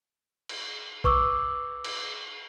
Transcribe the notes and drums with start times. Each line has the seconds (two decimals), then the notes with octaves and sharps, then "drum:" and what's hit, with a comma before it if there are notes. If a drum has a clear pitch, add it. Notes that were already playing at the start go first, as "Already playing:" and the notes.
0.49 drum: cymbal
1.04 B4 C#6 D6 E6, drum: kick
1.84 drum: cymbal